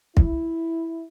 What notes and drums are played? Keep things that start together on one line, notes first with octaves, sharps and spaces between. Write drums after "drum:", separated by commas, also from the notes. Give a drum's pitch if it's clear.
E4, drum: kick